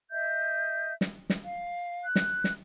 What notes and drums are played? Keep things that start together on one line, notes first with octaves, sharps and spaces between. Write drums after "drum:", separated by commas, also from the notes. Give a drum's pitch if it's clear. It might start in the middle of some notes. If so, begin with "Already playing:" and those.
D#5 E5 G6
drum: snare
drum: snare
F5
F#6
drum: snare
drum: snare